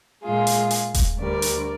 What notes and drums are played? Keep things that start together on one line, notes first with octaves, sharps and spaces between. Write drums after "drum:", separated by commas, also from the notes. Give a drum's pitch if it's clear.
A#2 G#3 F4 G#4
drum: hi-hat
drum: hi-hat
drum: kick D#1, hi-hat
D2 D3 G3 A#4 D5
drum: hi-hat